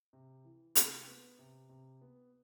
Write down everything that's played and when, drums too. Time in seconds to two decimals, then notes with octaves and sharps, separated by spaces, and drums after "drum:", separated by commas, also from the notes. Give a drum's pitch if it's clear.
0.13 C3
0.45 E3
0.75 C3, drum: hi-hat
1.07 B3
1.39 C3
1.69 C3
2.01 B3